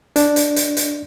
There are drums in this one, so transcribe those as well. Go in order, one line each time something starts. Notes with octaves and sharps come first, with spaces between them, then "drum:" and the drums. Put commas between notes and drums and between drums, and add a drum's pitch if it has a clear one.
D4, drum: hi-hat
drum: hi-hat
drum: hi-hat
drum: hi-hat